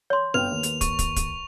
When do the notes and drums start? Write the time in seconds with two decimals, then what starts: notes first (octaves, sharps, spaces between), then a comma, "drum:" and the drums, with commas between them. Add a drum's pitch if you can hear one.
0.10 C#5 C6
0.34 G1 B4 G5 F7
0.51 D#2
0.63 drum: hi-hat
0.81 C#6, drum: kick, hi-hat
0.99 drum: kick, hi-hat
1.16 drum: kick, hi-hat